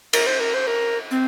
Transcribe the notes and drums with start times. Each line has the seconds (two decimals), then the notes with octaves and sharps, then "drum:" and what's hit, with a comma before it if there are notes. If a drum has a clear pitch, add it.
0.13 A#4, drum: cymbal
0.27 C5
0.40 A#4
0.54 C5
0.67 A#4
1.11 C4